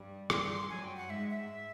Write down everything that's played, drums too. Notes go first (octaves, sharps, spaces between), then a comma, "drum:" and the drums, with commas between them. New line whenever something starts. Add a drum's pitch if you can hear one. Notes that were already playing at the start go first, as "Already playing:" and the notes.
Already playing: G2 G3
G2 G3 C6, drum: rim click
F#2 F#3 G#5
G5
F#5
G#2 G#3 E5
E5